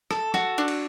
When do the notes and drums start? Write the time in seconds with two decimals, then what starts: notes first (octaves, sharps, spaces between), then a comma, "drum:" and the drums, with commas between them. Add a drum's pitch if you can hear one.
0.11 A4, drum: rim click
0.34 F#4, drum: snare
0.58 D4
0.68 drum: cymbal